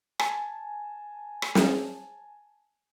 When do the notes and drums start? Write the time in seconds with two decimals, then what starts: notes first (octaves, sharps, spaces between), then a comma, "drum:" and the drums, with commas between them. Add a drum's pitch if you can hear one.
0.19 G#5 A5, drum: rim click
1.42 drum: rim click
1.55 drum: snare